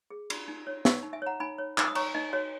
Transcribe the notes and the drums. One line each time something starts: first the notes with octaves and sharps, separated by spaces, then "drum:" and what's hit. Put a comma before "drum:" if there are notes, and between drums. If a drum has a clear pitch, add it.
G#4
F#4, drum: cymbal
D#4
C#5
D#4 C#6 E6, drum: snare
D#4
E5 G#5
C#5 F#5 A#5
D#4 G#5 B5
C#5
D#4 E6, drum: clap
D#6
C#5 A#5 C#6, drum: cymbal
D#4 D#5
F#4 C#5